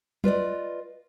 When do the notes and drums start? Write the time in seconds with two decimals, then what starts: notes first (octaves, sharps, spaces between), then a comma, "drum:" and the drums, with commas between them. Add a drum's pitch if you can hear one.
0.24 F4 B4 D5 D#5, drum: tom